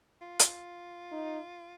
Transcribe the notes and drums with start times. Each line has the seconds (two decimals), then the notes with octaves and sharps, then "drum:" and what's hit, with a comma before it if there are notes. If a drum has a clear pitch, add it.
0.21 F4
0.39 drum: hi-hat
1.12 D#4